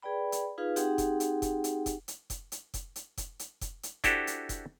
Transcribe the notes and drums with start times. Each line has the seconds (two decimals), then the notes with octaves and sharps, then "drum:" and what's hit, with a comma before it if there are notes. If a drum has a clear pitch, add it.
0.03 G#4 B4 D5 G5 B5
0.32 drum: hi-hat
0.58 D#4 F4 G#4 B4 F5
0.76 C4 D#4 G4 G#4 F#5 G5, drum: hi-hat
0.98 drum: kick F1, hi-hat
1.20 drum: hi-hat
1.42 drum: kick F1, hi-hat
1.64 drum: hi-hat
1.86 drum: kick F1, hi-hat
2.08 drum: hi-hat
2.30 drum: kick F1, hi-hat
2.52 drum: hi-hat
2.74 drum: kick F1, hi-hat
2.96 drum: hi-hat
3.18 drum: kick F1, hi-hat
3.39 drum: hi-hat
3.61 drum: kick F1, hi-hat
3.83 drum: hi-hat
4.04 D4 E4 F#4 G4 A4 C5, drum: kick F1, hi-hat
4.27 drum: hi-hat
4.49 drum: kick F1, hi-hat